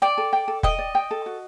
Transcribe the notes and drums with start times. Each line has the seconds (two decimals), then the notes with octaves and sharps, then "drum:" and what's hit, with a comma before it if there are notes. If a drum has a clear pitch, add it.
0.02 D5 G5
0.18 A4
0.33 G5
0.48 A4
0.63 D#5 G5, drum: kick
0.79 D5
0.95 G5
1.11 A4
1.26 F#4